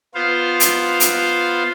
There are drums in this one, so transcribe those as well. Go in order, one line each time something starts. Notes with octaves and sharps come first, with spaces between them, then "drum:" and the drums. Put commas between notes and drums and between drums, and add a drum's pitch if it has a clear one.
B3 F4 C5 F5
drum: hi-hat
drum: hi-hat